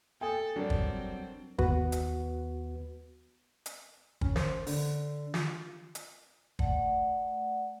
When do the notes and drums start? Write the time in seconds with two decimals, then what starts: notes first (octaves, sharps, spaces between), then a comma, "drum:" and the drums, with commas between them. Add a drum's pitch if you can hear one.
0.21 A4 G5 G#5 D#6
0.56 F#3 G3 C4 D4 A#4
0.70 drum: kick
1.59 D#2 B3 F#4 B4, drum: kick
1.92 drum: hi-hat
3.66 drum: hi-hat
4.21 C#4, drum: kick
4.36 C5, drum: snare
4.67 D3, drum: open hi-hat
5.34 F4, drum: snare
5.95 drum: hi-hat
6.59 A3 D5 F#5, drum: kick